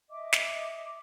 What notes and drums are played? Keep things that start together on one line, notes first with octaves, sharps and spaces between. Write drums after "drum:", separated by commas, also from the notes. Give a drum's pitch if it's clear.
D#5 E5 D6
drum: snare